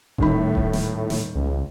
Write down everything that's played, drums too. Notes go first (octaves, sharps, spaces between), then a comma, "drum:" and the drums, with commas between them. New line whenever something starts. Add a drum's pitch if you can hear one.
D#1 A2 D#3 B5, drum: kick D#1
drum: kick D#1
drum: snare
drum: snare
C#2